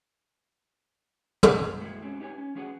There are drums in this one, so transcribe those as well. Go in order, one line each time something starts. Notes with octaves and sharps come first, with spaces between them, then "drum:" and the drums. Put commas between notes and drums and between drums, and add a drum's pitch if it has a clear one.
drum: tom
G3 A#4
G3 G#3 A#3 E4 F#4
G#3 C4 C#4 F#4
D#4 G4 B4 C#5 G#5
C#4
F3 C#4 F#4 G#4 B4 F#5